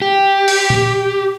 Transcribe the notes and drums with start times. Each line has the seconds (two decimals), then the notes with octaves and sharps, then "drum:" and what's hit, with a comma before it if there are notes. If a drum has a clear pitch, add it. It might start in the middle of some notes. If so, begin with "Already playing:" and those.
0.02 G4
0.48 drum: open hi-hat
0.70 drum: tom A#2